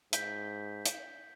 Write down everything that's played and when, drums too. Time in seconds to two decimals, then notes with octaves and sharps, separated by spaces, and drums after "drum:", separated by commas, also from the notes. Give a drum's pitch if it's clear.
0.13 G#2 G6 B6, drum: hi-hat
0.86 drum: hi-hat